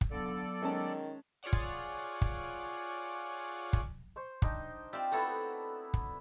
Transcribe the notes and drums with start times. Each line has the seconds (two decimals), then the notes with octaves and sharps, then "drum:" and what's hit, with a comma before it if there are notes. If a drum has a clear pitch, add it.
0.01 drum: kick
0.11 D3 F#3 B3 A4 D5 F5
0.62 D#3 G#3 C#4 A5
1.43 F4 G#4 C#5 D5 F#5
1.53 drum: kick
2.21 drum: kick
3.73 drum: kick
4.16 C5 C6 C#6
4.42 D4 D#4 G5, drum: kick
4.93 C4 F4 G4 D5 E5
5.12 A3 B3 D#4 E4 F#4 A4
5.94 drum: kick